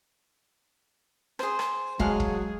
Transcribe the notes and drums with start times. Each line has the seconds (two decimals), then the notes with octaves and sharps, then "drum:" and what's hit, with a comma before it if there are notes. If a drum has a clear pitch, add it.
1.39 G#4 C5, drum: rim click
1.59 drum: rim click
1.99 F#3 G#3 G#4 F5 F#5 A5, drum: kick
2.20 drum: kick